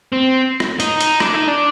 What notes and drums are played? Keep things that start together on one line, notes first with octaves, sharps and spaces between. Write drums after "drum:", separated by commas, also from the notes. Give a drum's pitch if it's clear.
C4
drum: rim click
D#4, drum: hi-hat
drum: hi-hat
D4, drum: rim click
D#4
D4